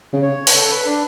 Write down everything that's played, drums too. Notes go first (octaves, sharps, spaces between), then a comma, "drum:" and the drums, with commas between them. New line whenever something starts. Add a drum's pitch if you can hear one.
C#3
C#5
B4, drum: open hi-hat
A4
B4
D4